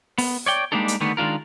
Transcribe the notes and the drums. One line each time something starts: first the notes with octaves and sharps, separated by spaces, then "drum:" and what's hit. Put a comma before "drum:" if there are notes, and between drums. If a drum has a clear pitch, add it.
B3, drum: open hi-hat
C#5 D5 G5
G3 G#3 A#3 D4 D#4 A4
drum: hi-hat
D3 D#3 G3 A3 B3
D#3 G#3 D4 F4 A#4